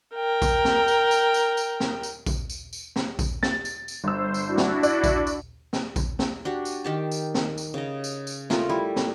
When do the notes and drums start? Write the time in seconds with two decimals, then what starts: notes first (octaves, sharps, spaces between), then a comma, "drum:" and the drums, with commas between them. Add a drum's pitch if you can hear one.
0.15 A#4 G5
0.42 drum: kick A#1, tambourine
0.65 drum: snare
0.88 drum: tambourine
1.11 drum: tambourine
1.34 drum: tambourine
1.57 drum: tambourine
1.80 drum: snare
2.03 drum: tambourine
2.26 drum: kick A#1, tambourine
2.50 drum: tambourine
2.73 drum: tambourine
2.96 drum: snare
3.19 drum: kick A#1, tambourine
3.43 A6, drum: snare
3.65 drum: tambourine
3.88 drum: tambourine
4.04 G1 C5 E6
4.34 drum: tambourine
4.46 D4 E4 F#4
4.57 drum: snare
4.83 D5, drum: tambourine
5.04 drum: kick A#1, tambourine
5.27 drum: tambourine
5.73 drum: snare
5.96 drum: kick A#1, tambourine
6.19 drum: snare
6.45 D4 F#4 G4
6.65 drum: tambourine
6.84 D#3 G4 A5
7.11 drum: tambourine
7.35 drum: snare
7.58 drum: tambourine
7.74 C#3 D#5
8.04 drum: tambourine
8.27 drum: tambourine
8.50 A3 F4 A#4, drum: snare
8.69 G3 E4
8.96 drum: snare